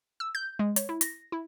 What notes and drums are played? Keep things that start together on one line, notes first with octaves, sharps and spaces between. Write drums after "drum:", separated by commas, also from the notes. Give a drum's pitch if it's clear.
E6
G6
G#3
C#5, drum: hi-hat
E4
A#6, drum: hi-hat
E4